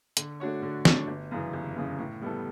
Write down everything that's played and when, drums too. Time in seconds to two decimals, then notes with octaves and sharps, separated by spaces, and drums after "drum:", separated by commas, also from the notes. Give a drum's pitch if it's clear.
0.17 D3, drum: hi-hat
0.40 A3 D4 F#4 C#5
0.62 D3
0.85 A3 D4 F#4 C#5, drum: snare
1.07 G1
1.31 F#2 C#3 E3
1.53 G1
1.76 F#2 C#3 E3
1.98 A2
2.22 G3 B3 E4 A4